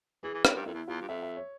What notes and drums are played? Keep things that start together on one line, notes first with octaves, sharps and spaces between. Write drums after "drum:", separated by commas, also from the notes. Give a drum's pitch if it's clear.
E3 G#4
E3
C#3 A#4, drum: rim click
G2
F2 E4
E2
E2 F4
G2
F2 E5
E5
C#5